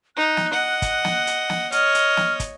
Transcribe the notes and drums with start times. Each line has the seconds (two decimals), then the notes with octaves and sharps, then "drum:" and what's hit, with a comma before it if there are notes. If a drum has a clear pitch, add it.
0.17 D#4 F#6
0.37 drum: snare
0.52 D#5 F#5
0.82 drum: kick, hi-hat
1.05 drum: snare
1.27 drum: hi-hat
1.50 drum: snare
1.72 C#5 D#5 F6, drum: hi-hat
1.95 drum: hi-hat
2.17 drum: snare
2.40 drum: kick, hi-hat